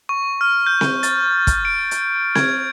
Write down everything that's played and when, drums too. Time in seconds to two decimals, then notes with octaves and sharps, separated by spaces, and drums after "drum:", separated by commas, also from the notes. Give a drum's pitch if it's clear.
0.09 C#6
0.41 F6
0.66 G6
0.81 drum: snare C4
1.03 A6, drum: hi-hat
1.47 drum: kick, hi-hat
1.65 D7
1.91 drum: hi-hat
2.35 G#6, drum: snare C4